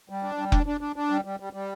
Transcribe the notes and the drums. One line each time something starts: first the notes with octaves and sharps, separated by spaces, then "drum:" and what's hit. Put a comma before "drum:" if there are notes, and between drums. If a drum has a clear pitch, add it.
G3
D4
G3
D4, drum: kick F1
D4
D4
D4
G3
G3
G3
G3